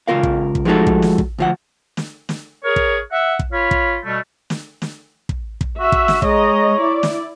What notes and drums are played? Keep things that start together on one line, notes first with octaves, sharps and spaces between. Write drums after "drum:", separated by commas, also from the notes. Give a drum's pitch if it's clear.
C#2 F4 A#4 F5
drum: kick
drum: kick
F3 G#3 A3 D#4 F#4 A4
drum: kick
drum: snare
drum: kick
D2 F3 F#5
drum: snare
drum: snare
G#4 A#4 C#5
drum: kick
E5 F#5
drum: kick
F4 C#5 F5 B5
drum: kick
B2 G3 A3
drum: snare
drum: snare
drum: kick
drum: kick
F#4 E5
drum: kick
drum: snare
G#3 C#5 D#5 A#5, drum: kick
E4 D5
drum: snare